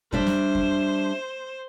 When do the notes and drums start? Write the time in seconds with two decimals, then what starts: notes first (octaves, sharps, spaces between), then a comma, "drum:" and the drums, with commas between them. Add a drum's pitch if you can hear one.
0.13 G3 D4 C5 E5, drum: kick F2
0.27 drum: snare
0.55 drum: kick F2